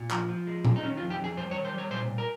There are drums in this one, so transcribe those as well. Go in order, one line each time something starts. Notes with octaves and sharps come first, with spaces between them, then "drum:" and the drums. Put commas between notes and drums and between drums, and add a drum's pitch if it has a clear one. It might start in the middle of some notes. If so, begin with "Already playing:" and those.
Already playing: A#2
F3, drum: clap
F3
G#3
A#2, drum: tom A#2
D#4
D#3 C#4
F4
F2
G4
F2 G#4
G3 C5
C#5
D#3
C5
G3 C#5
A#2 C5
A#2
A#4